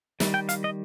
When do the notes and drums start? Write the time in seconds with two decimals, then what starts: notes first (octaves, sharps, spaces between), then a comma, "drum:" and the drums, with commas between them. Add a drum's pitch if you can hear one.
0.20 D#3 G3, drum: snare
0.34 G5
0.49 F5, drum: hi-hat
0.64 D#5